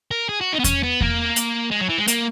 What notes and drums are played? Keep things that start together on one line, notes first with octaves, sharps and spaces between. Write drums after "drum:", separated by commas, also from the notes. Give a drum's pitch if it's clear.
A#4
G#4
F#4
D#4
B3
C#4, drum: kick E2, hi-hat
B3
A#3, drum: kick E2
drum: hi-hat
G#3
F#3
E3
G#3
A#3, drum: hi-hat